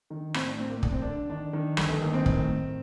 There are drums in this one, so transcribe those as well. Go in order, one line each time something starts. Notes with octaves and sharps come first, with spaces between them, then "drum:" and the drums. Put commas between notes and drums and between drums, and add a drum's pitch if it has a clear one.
D#3
A2 C4, drum: rim click
D4
A2 C4
A#3
D3 D4, drum: kick
C4
D3 D4
D#3 D4
D#3
G1, drum: rim click
A3
D#3 A#3
C4
A2, drum: kick
A2